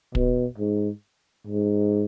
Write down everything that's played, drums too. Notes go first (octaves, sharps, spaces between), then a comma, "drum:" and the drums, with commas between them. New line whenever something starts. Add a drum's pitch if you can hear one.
B2, drum: kick
G#2
G#2